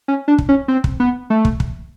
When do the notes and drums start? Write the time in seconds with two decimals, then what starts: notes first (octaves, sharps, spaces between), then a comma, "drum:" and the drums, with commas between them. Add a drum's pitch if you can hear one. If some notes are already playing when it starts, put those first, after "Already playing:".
0.08 C#4
0.28 D4
0.38 drum: kick
0.49 C#4
0.68 C4
0.84 drum: kick
1.00 B3
1.30 A3
1.45 drum: kick
1.60 drum: kick